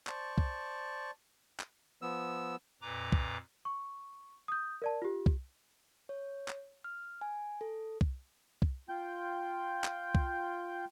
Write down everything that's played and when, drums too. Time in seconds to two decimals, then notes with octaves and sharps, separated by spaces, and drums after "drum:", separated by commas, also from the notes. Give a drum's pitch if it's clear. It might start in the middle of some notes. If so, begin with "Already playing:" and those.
0.07 C5 D5 A5 C#6, drum: clap
0.38 drum: kick
1.60 drum: clap
2.02 F3 B3 E6
2.82 F2 A#2 B4 A#5 D6
3.12 drum: kick
3.65 C#6
4.48 D#6 G6
4.82 A#4 D5 A5
5.02 F4 G4
5.26 drum: kick
6.09 C#5
6.48 drum: clap
6.84 F6
7.21 G#5
7.61 A4
8.01 drum: kick
8.62 drum: kick
8.89 F4 G5 G6
9.84 drum: clap
10.15 drum: kick